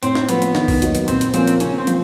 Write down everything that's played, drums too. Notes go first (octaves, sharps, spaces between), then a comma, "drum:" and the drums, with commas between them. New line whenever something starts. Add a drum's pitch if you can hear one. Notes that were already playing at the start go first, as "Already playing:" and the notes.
A2 C4, drum: hi-hat
drum: snare
F3 A3 B3, drum: hi-hat
drum: hi-hat
D#3, drum: snare
drum: kick B1, open hi-hat
F#3 A#3 D#4 F#4, drum: hi-hat
drum: hi-hat
A#2 C4, drum: hi-hat
drum: hi-hat
F3 A#3 C4 C#4, drum: hi-hat
drum: hi-hat
C#3 C#4, drum: hi-hat
C4
F3, drum: hi-hat